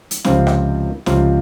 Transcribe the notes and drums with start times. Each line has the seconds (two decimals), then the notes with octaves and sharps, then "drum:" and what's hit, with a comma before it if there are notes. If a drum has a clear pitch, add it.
0.11 drum: hi-hat
0.25 C#2 C3 F3 C4 F4, drum: snare
0.47 drum: rim click
1.06 C#2 C3 F3 C4 F4, drum: snare